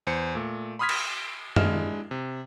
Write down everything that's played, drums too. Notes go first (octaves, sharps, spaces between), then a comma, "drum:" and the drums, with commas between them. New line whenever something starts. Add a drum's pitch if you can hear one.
E2 C5 C#7
A#2 A3
B5 C6 D#6 F6 G#6 B6
drum: cymbal
G#3 D4 E4 D#5 F6 E7, drum: tom
C3